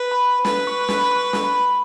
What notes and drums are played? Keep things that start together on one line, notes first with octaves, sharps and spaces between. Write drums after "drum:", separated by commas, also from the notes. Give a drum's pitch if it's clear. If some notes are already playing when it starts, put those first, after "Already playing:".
Already playing: B4
B5
B4, drum: snare
C#6
B5, drum: snare
C#6
drum: snare
B5